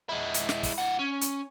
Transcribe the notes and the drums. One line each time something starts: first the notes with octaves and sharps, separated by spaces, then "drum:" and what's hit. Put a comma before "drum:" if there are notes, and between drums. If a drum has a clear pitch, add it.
G#3 E4
drum: hi-hat
drum: snare
drum: kick, open hi-hat
A2 F#5
C#4
drum: hi-hat